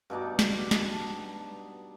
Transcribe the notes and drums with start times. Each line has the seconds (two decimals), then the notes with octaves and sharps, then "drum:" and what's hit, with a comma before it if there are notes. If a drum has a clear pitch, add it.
0.10 G2 B2 D#4 D5
0.39 drum: snare
0.71 D#5 A5, drum: snare